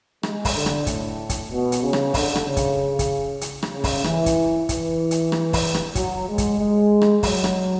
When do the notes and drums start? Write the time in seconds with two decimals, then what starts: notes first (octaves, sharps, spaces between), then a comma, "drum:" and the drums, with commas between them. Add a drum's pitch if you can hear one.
0.23 G#3, drum: rim click
0.45 drum: kick, open hi-hat
0.55 D3
0.66 drum: rim click
0.87 A2, drum: kick, hi-hat
1.30 drum: kick, hi-hat
1.50 B2
1.72 drum: hi-hat
1.83 C#3
1.93 drum: rim click
2.14 D3, drum: kick, open hi-hat
2.35 drum: rim click
2.46 C#3
2.57 drum: kick, hi-hat
2.99 drum: kick, hi-hat
3.41 drum: hi-hat
3.63 drum: rim click
3.73 C#3
3.84 drum: kick, open hi-hat
4.04 E3, drum: rim click
4.26 drum: kick, hi-hat
4.69 E3, drum: kick, hi-hat
5.11 drum: hi-hat
5.32 drum: rim click
5.53 drum: kick, open hi-hat
5.74 drum: rim click
5.95 F#3, drum: kick, hi-hat
6.28 G#3
6.38 drum: kick, hi-hat
6.59 G#3
7.02 drum: rim click
7.23 F#3, drum: kick, open hi-hat
7.44 drum: rim click